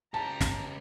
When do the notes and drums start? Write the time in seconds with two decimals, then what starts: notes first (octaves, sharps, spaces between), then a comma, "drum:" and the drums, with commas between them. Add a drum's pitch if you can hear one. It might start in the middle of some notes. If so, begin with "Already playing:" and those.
0.14 C#2 G4 A5 A#5
0.41 drum: snare